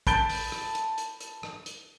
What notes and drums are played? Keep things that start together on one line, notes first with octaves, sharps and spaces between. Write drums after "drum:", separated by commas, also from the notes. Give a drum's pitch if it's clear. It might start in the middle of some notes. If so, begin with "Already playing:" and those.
A5 B5 G6 A6 D7 G7, drum: kick, hi-hat
drum: open hi-hat
drum: rim click
drum: hi-hat
drum: hi-hat
drum: hi-hat
drum: rim click
drum: hi-hat